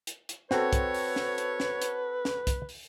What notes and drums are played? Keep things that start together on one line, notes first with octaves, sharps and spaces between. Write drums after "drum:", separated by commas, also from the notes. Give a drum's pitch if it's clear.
drum: hi-hat
drum: hi-hat
C4 F#4 A4 B4 C#5, drum: snare
drum: kick, hi-hat
drum: open hi-hat
drum: snare
drum: hi-hat
drum: snare
drum: hi-hat
drum: snare
drum: kick, hi-hat
drum: open hi-hat